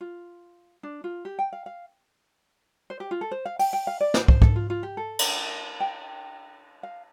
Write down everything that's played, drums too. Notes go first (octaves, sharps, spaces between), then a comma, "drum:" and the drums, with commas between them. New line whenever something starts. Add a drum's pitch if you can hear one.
F4
D4
F4
G4
G5
F5
F5
C5
G4
F4
A4
C5
F5
G5, drum: open hi-hat
G5
F5
D5
C5, drum: snare
C5, drum: kick
A4, drum: kick
F4
F4
G4
A4
drum: cymbal
G5
F5